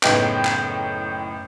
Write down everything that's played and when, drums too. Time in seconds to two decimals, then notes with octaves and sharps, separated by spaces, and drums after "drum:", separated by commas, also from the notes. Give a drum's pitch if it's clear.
0.03 F#1 A2 B3 D#4 G5, drum: clap
0.45 drum: clap